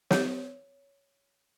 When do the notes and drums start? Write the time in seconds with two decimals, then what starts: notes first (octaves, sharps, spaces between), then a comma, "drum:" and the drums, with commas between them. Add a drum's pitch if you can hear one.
0.11 C#5, drum: snare